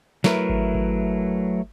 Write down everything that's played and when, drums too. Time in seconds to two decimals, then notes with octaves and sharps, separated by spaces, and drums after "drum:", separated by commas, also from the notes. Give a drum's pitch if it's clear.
0.24 F#3 A3 E4 A#4 B4, drum: snare
0.49 drum: kick G#1
0.75 drum: kick G#1